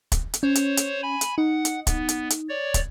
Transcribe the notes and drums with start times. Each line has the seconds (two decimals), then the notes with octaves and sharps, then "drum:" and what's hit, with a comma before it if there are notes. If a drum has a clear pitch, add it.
0.12 drum: kick, hi-hat
0.34 drum: hi-hat
0.43 C#4 C5 C#5
0.55 drum: hi-hat
0.77 drum: hi-hat
1.03 G#5 B5
1.21 drum: hi-hat
1.38 D#4 F#5
1.65 drum: hi-hat
1.87 B3, drum: kick, hi-hat
2.09 drum: hi-hat
2.30 drum: hi-hat
2.49 C#5 D5
2.74 drum: kick, hi-hat